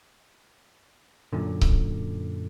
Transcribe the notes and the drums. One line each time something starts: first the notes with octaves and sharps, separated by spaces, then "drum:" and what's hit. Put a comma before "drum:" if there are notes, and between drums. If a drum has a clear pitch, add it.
F#2 A#2 D3
drum: kick C#1